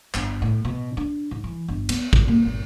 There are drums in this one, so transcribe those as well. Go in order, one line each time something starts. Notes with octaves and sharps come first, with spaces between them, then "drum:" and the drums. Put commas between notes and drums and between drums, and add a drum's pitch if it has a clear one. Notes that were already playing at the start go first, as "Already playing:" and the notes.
G1, drum: clap
A2
B2
D4
G#2
E3
G1
B3, drum: cymbal
B2, drum: kick
A#3
G1